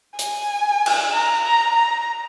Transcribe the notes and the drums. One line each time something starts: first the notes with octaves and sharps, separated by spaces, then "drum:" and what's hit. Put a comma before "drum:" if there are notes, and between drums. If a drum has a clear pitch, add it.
G#5, drum: hi-hat
drum: cymbal
A#5
A#5
A#5